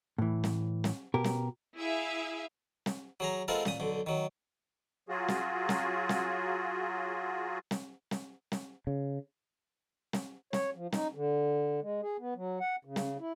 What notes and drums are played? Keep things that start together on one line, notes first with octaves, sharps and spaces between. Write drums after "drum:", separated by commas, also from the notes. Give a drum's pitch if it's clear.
A2 E3
drum: snare
drum: snare
B2 G4 A#4
drum: snare
E4 G#4 E5 F5
drum: snare
F#3 G#4 A#5
G#3 B3 C4 F4 A4 A#4
A#2 D#6, drum: snare
B1 D3
D#3 F#3
F#3 F4 F#4 G#4
drum: snare
drum: snare
drum: snare
drum: snare
drum: snare
drum: snare
C#3
drum: snare
C#5, drum: snare
F3
D#4, drum: snare
D3
G#3
G#4
B3
F#3
F#5
C#3
drum: snare
E4